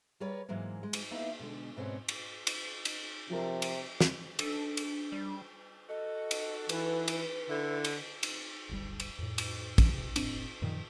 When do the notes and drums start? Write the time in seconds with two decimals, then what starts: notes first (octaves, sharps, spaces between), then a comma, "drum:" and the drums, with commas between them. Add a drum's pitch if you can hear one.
0.20 G3 G#4 A#4 B4 C#5 D5
0.49 G#2 E3 F#3 G#3 A#3
0.83 G#3
0.93 drum: cymbal
1.11 A#3 B3 D#4 E4 F5
1.39 B2 D3 G#3
1.77 G#2 B2 C4 C#4 F#5
2.08 drum: cymbal
2.47 drum: cymbal
2.85 drum: cymbal
3.30 C3 F3 A#4
3.62 drum: cymbal
4.00 drum: snare
4.39 D4 A4, drum: cymbal
4.77 drum: cymbal
5.12 G3
5.89 F#4 A4 D#5
6.31 drum: cymbal
6.69 E3 B4, drum: cymbal
7.08 drum: cymbal
7.49 D3 E4
7.84 drum: cymbal
8.23 drum: cymbal
8.69 D1 G1 G3
9.00 drum: cymbal
9.18 F2 A2
9.38 drum: cymbal
9.78 G2 E3 C#4, drum: kick, cymbal
9.93 E1 C3
10.16 F1 A2 C4 D4, drum: cymbal
10.62 F#2 A#2 D#3 F3